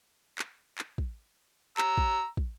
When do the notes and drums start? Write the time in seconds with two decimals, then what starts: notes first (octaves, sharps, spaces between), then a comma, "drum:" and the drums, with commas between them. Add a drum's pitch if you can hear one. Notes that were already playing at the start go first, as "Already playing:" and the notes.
0.39 drum: clap
0.78 drum: clap
0.98 drum: kick
1.78 A#5 E6, drum: clap
1.98 drum: kick
2.37 drum: kick